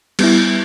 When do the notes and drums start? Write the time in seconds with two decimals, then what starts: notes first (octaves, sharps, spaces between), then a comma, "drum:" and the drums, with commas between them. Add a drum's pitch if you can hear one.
0.19 G3 B3 E4, drum: cymbal